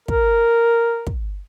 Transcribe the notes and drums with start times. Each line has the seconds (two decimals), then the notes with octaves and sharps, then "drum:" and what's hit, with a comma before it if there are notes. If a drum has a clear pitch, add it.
0.08 A#4, drum: kick
1.07 drum: kick